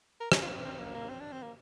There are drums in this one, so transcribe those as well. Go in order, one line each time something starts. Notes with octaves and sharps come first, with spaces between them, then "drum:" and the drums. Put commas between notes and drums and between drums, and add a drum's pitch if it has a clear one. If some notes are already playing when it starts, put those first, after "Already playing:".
A#4
G#4, drum: rim click
F4
A#3
C4
C4
A#3
A#3
C4
D4
C4
A#3